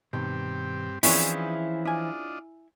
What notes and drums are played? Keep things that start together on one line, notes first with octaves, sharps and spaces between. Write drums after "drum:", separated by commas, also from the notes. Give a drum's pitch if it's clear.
G2 B2 D#3 C4 G4
E3 F3 C4 C#4 D#4 E4 G#4 D5, drum: open hi-hat
D4 E4 F4 D#5 G#5